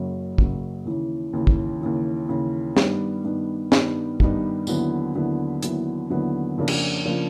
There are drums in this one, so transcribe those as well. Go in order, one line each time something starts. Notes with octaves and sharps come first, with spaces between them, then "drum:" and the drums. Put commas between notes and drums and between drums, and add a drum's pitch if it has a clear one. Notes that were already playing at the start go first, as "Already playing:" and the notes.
Already playing: F#1 F#2 C#3 F#3
F#1 F#2 C#3 F#3, drum: kick
D#2 C#3 E3
D#2 C#3 E3
drum: kick
D#2 C#3 E3
D#2 C#3 E3
G2 D#3 G3 B3 D#4, drum: snare
G2 D#3 G3 B3 D#4
G2 D#3 G3 B3 D#4, drum: snare
G2 D#3 G3 B3 D#4, drum: kick
D#2 D3 F#3 B3 E4, drum: tambourine
D#2 D3 F#3 B3 E4
D#2 D3 F#3 B3 E4, drum: hi-hat
D#2 D3 F#3 B3 E4
F2 C#3 F3 A#3 D4
drum: cymbal
C#3 F3 A#3 D4